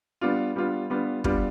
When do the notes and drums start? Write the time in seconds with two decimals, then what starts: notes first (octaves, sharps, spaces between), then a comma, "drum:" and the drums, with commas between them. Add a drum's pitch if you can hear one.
0.21 G3 B3 D4 F4
0.56 G3 B3 D4 F4
0.90 G3 B3 D4 F4
1.24 G3 B3 D4 F4, drum: kick